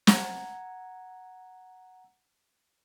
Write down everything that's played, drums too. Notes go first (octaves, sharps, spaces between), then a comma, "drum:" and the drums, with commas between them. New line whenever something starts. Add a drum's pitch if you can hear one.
F#5 A#5 E6 G#6, drum: snare